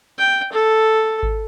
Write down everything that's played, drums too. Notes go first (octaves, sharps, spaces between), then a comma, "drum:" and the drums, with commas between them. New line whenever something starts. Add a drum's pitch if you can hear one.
G5
A4
drum: kick G#1